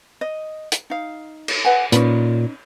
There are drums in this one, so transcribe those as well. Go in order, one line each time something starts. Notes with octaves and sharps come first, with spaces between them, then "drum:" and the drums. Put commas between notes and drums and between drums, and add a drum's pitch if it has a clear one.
D#5
drum: hi-hat
D#4 F5
drum: cymbal
B4 F#5 G#5
A#2 C#4 D#4 B4, drum: hi-hat